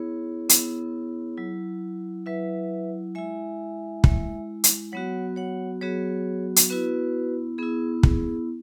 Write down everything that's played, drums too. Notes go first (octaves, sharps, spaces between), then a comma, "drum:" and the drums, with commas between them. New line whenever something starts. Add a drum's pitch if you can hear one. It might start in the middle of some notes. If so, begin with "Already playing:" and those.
Already playing: B3 E4 G#4 C#5
B3 E4, drum: hi-hat
F#3 E4
F#3 E4 B4 E5
G#3 E4 E5 G#5
G#3 E4, drum: kick
drum: hi-hat
F#3 B3 F#4 C#5 F#5
C#5 F#5
F#3 B3 F#4 G#4 C#5
drum: hi-hat
B3 E4 F#4 B4
B3 E4 G#4
G#4, drum: kick